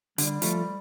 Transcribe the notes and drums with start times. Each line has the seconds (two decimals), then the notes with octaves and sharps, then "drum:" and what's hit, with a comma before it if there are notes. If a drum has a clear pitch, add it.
0.18 D3 G3, drum: hi-hat
0.42 F3 A3, drum: hi-hat